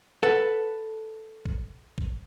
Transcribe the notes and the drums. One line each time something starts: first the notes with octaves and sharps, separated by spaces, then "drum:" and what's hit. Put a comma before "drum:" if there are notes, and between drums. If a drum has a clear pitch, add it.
A4 B4 F#5
drum: kick
drum: kick